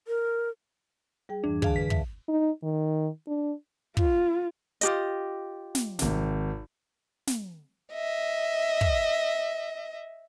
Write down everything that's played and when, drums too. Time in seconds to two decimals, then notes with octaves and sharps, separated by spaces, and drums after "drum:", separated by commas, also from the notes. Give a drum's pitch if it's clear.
0.08 A#4
1.29 G3 G#4 G5
1.44 F2 G#2 E3 D4
1.62 D3 G#4 F5 A5, drum: kick
1.76 B4 B6
1.90 E5, drum: kick
2.29 D#4
2.63 D#3
3.27 D4
3.97 F4, drum: kick
4.81 F4 G4 D#5, drum: hi-hat
5.75 drum: snare
5.99 G#1 C3, drum: snare
7.27 drum: snare
7.94 D#5 E5
8.81 drum: kick